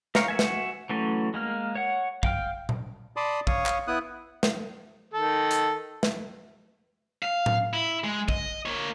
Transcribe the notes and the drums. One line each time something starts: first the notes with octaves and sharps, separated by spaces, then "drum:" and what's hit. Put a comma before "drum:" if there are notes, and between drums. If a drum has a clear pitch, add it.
G4 A#4 C#5 F5, drum: snare
F#4 E5 G#5
drum: snare
E3 F#3 A3 C#4
G#3 A#3 F6
C#5 F#5
F5 G5 F6, drum: kick
drum: tom A#2
D5 A5 B5 C6 D6 D#6
C#5 F5 C#6 D#6, drum: kick
drum: clap
B3 E4 D#6 F#6
drum: snare
D#3 A4
drum: hi-hat
drum: snare
F5
drum: tom A2
E4
G#3
D#5, drum: kick
A#3 C#5